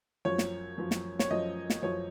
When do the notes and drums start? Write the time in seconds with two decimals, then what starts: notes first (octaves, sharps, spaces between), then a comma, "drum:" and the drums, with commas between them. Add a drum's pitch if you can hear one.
0.25 F#2 F3 C#5
0.38 drum: snare
0.78 F#2 F3
0.91 drum: snare
1.19 C#5, drum: snare
1.30 F#2 F3 D#5
1.70 drum: snare
1.82 F#2 F3 C#5